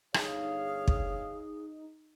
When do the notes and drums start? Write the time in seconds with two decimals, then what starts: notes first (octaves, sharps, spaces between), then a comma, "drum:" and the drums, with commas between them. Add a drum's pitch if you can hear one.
0.14 G1 D#4 G#4 C#5 F5, drum: rim click
0.88 drum: kick